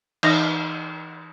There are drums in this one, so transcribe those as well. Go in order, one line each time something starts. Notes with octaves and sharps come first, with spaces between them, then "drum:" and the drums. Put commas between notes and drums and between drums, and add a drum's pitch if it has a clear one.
E3 D#4 A#6, drum: cymbal